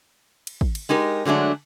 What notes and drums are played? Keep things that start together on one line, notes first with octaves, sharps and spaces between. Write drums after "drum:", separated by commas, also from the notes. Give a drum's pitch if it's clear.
drum: cymbal
drum: kick
drum: cymbal
G#3 D#4 G4 A#4
D3 F#3 G#3 A3 D4